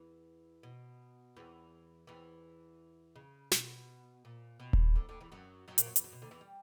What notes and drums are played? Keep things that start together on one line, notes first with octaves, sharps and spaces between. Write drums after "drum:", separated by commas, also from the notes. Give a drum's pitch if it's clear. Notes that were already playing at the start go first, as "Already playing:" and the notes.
Already playing: E2 E3
B2
E2 E3
E2 E3
C#3
B2, drum: snare
A#2
B2
drum: kick D#1
D2 D3
D2 D3
E2 E3
F#2 F#3
F#2 F#3
A#2 A#3, drum: hi-hat
F#2 F#3
E2 E3, drum: hi-hat
F#2 F#3
B2
D2 D3
E2 E3
G3